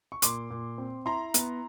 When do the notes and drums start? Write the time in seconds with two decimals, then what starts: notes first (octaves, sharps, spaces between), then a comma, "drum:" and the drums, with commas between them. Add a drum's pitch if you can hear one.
0.12 C#6
0.22 A#2 C6 D6, drum: hi-hat
0.51 A#2
0.78 C4
1.06 E4 A#5 C6
1.34 B3, drum: hi-hat